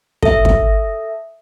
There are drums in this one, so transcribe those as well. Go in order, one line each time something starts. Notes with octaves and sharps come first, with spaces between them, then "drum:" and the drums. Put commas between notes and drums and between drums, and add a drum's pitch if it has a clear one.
A4 E5, drum: kick
drum: kick